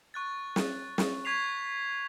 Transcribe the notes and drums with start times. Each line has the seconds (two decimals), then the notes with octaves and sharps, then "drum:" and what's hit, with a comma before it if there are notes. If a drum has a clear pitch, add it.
0.14 C#6 F#6 A6
0.56 drum: snare
0.98 drum: snare
1.25 C#6 G#6 B6 C7 F7